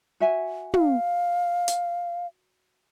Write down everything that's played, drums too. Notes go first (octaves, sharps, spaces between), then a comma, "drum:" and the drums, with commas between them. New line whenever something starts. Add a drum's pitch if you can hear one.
F#4 E5 G#5
F5, drum: tom
drum: hi-hat